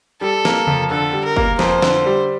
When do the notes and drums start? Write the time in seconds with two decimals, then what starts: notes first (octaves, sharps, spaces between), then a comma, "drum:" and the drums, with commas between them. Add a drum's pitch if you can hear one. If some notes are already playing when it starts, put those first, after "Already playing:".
0.21 G3 A4
0.45 A#3, drum: snare
0.67 F2, drum: tom C3
0.91 D3 A4
1.13 G3
1.25 A#4
1.36 A#3, drum: kick F#1
1.59 F2 C5, drum: snare
1.82 D3, drum: snare
2.06 G3